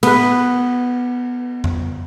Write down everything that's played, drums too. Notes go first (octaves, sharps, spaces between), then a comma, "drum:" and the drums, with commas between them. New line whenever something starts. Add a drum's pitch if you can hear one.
B3 B4, drum: cymbal
drum: tom F2